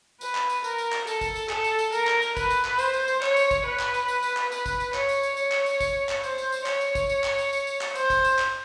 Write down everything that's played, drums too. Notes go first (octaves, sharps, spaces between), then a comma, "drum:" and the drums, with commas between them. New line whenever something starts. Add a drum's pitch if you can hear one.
B4, drum: tambourine
drum: clap
drum: tambourine
A#4, drum: tambourine
drum: tambourine
drum: clap
A4, drum: tambourine
drum: kick, tambourine
drum: tambourine
A4, drum: clap
drum: tambourine
drum: tambourine
A#4, drum: tambourine
drum: clap
drum: tambourine
B4, drum: kick, tambourine
drum: tambourine
drum: clap
C5, drum: tambourine
drum: tambourine
drum: tambourine
C#5, drum: clap
drum: tambourine
drum: kick, tambourine
B4
drum: clap
drum: tambourine
drum: tambourine
drum: tambourine
drum: clap
B4, drum: tambourine
drum: kick, tambourine
drum: tambourine
C#5, drum: clap
drum: tambourine
drum: tambourine
C#5, drum: tambourine
drum: clap
drum: tambourine
drum: kick, tambourine
drum: clap
C5, drum: tambourine
drum: tambourine
drum: tambourine
C#5, drum: clap
drum: tambourine
drum: kick, tambourine
drum: tambourine
drum: clap
drum: tambourine
drum: tambourine
drum: tambourine
drum: clap
C5, drum: tambourine
drum: kick, tambourine
drum: tambourine
drum: clap